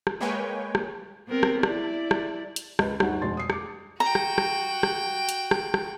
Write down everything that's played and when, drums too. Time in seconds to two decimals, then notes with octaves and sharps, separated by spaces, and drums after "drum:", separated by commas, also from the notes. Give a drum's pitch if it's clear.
0.07 drum: rim click
0.21 G#3 A#3 B4 C#5 G5 G#5
0.75 drum: rim click
1.27 B3 C4 A#4
1.43 drum: rim click
1.63 E4 D5, drum: rim click
2.11 drum: rim click
2.56 drum: hi-hat
2.79 C#2 B4, drum: rim click
3.00 G1 D2 D#4 F#4 F#5, drum: rim click
3.22 F1 B2 G#3 D4 C6 A6
3.37 D#6 C7
3.50 D6 C#7, drum: rim click
4.00 F#4 G5 A#5
4.15 drum: rim click
4.38 drum: rim click
4.83 drum: rim click
5.29 drum: hi-hat
5.51 drum: rim click
5.74 drum: rim click